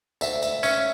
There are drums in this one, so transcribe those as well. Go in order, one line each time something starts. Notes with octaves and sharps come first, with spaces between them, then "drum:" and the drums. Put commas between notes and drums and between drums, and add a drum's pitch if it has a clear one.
D2 E5, drum: tambourine
E5, drum: tambourine
C#4 E5, drum: tambourine